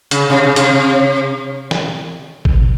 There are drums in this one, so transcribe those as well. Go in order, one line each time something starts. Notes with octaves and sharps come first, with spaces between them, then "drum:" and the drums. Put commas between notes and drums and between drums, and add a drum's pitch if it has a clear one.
C#3, drum: hi-hat
C3
C#3
C3, drum: hi-hat
drum: snare
drum: kick A1